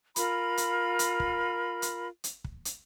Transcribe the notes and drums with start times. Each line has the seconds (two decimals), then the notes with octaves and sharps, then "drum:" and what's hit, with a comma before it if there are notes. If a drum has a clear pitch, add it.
0.16 F4 A#4 B5, drum: hi-hat
0.57 drum: hi-hat
0.99 drum: hi-hat
1.20 drum: kick
1.82 drum: hi-hat
2.24 drum: hi-hat
2.44 drum: kick
2.65 drum: hi-hat